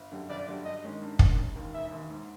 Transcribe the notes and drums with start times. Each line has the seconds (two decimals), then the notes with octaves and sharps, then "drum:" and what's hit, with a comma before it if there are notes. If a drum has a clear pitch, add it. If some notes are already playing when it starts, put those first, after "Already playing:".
Already playing: G1
0.11 F#2 D3 G3
0.29 G1 D5
0.48 F#2 D3 G3
0.65 G2 D#5
0.84 D#3 G#3 C#4
1.02 G2
1.19 D#3 G#3 C#4, drum: kick
1.38 E1
1.55 D#2 D#3
1.73 E1 E5
1.92 D#2 D#3
2.10 G#2